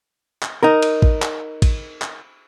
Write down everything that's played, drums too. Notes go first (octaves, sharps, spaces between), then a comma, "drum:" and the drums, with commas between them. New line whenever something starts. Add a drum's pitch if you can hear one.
drum: clap
D#4 A#4
drum: cymbal
drum: kick A1
drum: clap
drum: kick A1, cymbal
drum: clap